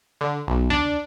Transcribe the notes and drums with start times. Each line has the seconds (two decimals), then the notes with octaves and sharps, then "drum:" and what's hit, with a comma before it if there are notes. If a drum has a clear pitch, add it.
0.21 D3
0.47 B1
0.70 D4, drum: tom D#2